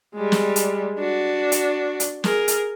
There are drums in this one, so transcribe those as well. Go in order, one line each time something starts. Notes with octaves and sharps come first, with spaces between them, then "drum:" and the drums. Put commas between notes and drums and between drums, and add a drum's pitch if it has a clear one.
G3 G#3
drum: snare
drum: hi-hat
D4 F#4
drum: hi-hat
drum: hi-hat
G#4 A#4, drum: snare
drum: hi-hat